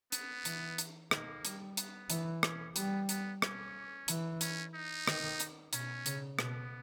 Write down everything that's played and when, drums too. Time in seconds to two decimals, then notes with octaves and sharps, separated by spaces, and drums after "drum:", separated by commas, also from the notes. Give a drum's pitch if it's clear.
0.12 B3, drum: hi-hat
0.45 E3, drum: hi-hat
0.78 drum: hi-hat
1.11 D#3 A#3, drum: rim click
1.45 G3, drum: hi-hat
1.77 B3, drum: hi-hat
2.10 E3, drum: hi-hat
2.43 C#4, drum: rim click
2.76 G3 B3, drum: hi-hat
3.09 B3, drum: hi-hat
3.42 C#4, drum: rim click
4.08 E3, drum: hi-hat
4.41 C#4, drum: hi-hat
4.74 D#4
5.07 D#3, drum: rim click
5.40 drum: hi-hat
5.73 B2 C#4, drum: hi-hat
6.06 C#3, drum: hi-hat
6.39 B2 B3, drum: rim click